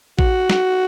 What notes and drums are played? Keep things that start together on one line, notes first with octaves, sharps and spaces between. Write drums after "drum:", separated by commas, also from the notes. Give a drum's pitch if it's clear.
F#4, drum: kick A1
drum: snare